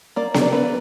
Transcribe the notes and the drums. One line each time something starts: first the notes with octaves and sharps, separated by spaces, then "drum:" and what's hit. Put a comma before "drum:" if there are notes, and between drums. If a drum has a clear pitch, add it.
A#3 D5
D4, drum: snare B3
D5
A#3 B4